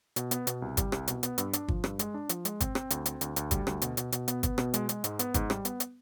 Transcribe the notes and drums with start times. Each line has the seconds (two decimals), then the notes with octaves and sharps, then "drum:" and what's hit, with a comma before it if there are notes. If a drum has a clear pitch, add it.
0.16 B2, drum: hi-hat
0.31 B3, drum: hi-hat
0.47 B2, drum: hi-hat
0.62 C2
0.77 G3, drum: kick, hi-hat
0.92 C2, drum: rim click
1.08 B2, drum: hi-hat
1.23 B3, drum: hi-hat
1.38 G2, drum: hi-hat
1.53 D4, drum: hi-hat
1.68 F3, drum: kick
1.84 G2, drum: rim click
1.99 G#3, drum: hi-hat
2.14 D4
2.29 F3, drum: hi-hat
2.45 G#3, drum: hi-hat
2.60 C4, drum: kick, hi-hat
2.75 C4, drum: rim click
2.90 D2, drum: hi-hat
3.05 C4, drum: hi-hat
3.21 D2, drum: hi-hat
3.36 D2, drum: hi-hat
3.51 G3, drum: kick, hi-hat
3.67 D2, drum: rim click
3.82 B2, drum: hi-hat
3.97 B2, drum: hi-hat
4.12 B2, drum: hi-hat
4.28 B3, drum: hi-hat
4.43 B3, drum: kick, hi-hat
4.58 B2, drum: rim click
4.74 G#3, drum: hi-hat
4.89 G#3, drum: hi-hat
5.04 G#2, drum: hi-hat
5.19 B3, drum: hi-hat
5.34 G#2, drum: kick, hi-hat
5.50 G3, drum: rim click
5.65 B3, drum: hi-hat
5.80 drum: hi-hat